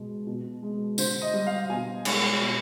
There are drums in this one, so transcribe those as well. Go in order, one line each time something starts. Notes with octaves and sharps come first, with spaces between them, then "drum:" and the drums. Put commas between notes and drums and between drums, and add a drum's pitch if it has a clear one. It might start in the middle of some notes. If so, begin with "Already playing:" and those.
Already playing: B2 G#3
B2
G#3
D3 C5, drum: tambourine
D#5
G3
F5
B2 G#5
G#3, drum: cymbal
B2